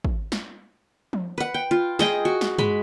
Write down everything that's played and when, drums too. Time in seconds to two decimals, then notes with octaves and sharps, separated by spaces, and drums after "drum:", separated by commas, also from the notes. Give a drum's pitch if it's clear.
0.05 drum: kick
0.32 drum: snare
1.13 drum: tom F3
1.38 B4 F#5
1.54 G5
1.71 F4
1.99 G#4 D#5 G5, drum: snare
2.25 F#4
2.41 drum: snare
2.58 G#3 B5, drum: tom G2